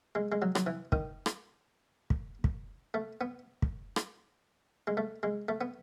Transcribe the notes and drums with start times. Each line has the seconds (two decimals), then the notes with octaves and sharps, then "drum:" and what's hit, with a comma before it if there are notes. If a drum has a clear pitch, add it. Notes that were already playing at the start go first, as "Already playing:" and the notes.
0.15 G#3
0.32 G#3
0.42 F#3
0.55 F#3, drum: rim click
0.67 E3
0.92 D#3, drum: kick
1.26 drum: rim click
2.10 drum: kick
2.44 drum: kick
2.94 A3
3.21 B3
3.62 drum: kick
3.96 drum: rim click
4.87 G#3
4.97 A3
5.23 G#3
5.48 A3
5.61 B3